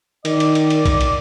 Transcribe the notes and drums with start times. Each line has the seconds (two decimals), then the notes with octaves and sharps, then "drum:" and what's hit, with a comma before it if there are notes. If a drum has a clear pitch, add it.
0.25 D#3 D5, drum: cymbal
0.40 drum: cymbal
0.55 drum: cymbal
0.70 drum: cymbal
0.85 drum: kick A#1, cymbal
1.01 drum: cymbal